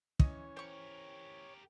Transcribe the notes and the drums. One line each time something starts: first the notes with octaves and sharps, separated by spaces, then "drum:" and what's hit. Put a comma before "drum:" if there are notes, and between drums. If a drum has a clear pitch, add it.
E3 C#4 C#5 D#5, drum: kick
G4 A#4 C5 C#6